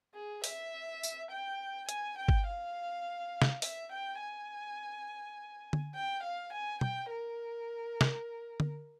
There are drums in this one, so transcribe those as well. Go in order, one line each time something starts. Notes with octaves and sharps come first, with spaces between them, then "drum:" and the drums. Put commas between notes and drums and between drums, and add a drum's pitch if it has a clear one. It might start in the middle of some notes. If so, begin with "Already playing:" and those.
G#4
E5, drum: open hi-hat
drum: tambourine
G5
G#5, drum: hi-hat
G5
drum: kick G1
F5
drum: snare
E5, drum: open hi-hat
G5
G#5
drum: tom D3
G5
F5
G#5
G5, drum: tom
A#4
drum: snare
drum: tom D3